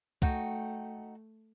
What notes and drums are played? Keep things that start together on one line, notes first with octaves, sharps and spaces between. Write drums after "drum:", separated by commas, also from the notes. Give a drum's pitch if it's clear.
A3 D#4 F#4 G5, drum: kick